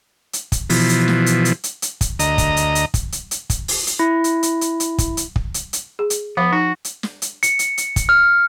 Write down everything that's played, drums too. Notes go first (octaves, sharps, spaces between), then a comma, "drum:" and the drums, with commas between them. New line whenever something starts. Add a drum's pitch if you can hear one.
drum: hi-hat
drum: kick, hi-hat
B2 E3 F3, drum: open hi-hat
drum: hi-hat
drum: snare
drum: hi-hat
drum: hi-hat
drum: hi-hat
drum: hi-hat
drum: kick, hi-hat
D2 D#5 A#5, drum: hi-hat
drum: kick, hi-hat
drum: hi-hat
drum: hi-hat
drum: kick, hi-hat
drum: hi-hat
drum: hi-hat
drum: kick, hi-hat
drum: open hi-hat
drum: hi-hat
E4
drum: hi-hat
drum: hi-hat
drum: hi-hat
drum: hi-hat
drum: kick, hi-hat
drum: hi-hat
drum: kick
drum: hi-hat
drum: hi-hat
G#4
drum: hi-hat
F3 B3 F5
D#4 F#4
drum: hi-hat
drum: snare
drum: hi-hat
C#7, drum: hi-hat
drum: hi-hat
drum: hi-hat
drum: kick, hi-hat
F6